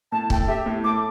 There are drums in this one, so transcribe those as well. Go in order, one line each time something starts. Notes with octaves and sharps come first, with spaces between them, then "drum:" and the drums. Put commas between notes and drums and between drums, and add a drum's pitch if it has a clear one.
A2 A5
A3 G5, drum: kick
G4 E5
A2
A3 D6